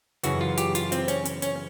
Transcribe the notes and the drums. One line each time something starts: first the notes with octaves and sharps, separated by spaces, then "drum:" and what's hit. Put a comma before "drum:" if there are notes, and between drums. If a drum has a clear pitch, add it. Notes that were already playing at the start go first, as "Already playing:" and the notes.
F#2 C#3 E3 F#4, drum: hi-hat
F4
G4, drum: hi-hat
F4, drum: hi-hat
C4, drum: hi-hat
C#4, drum: hi-hat
drum: hi-hat
C#4, drum: hi-hat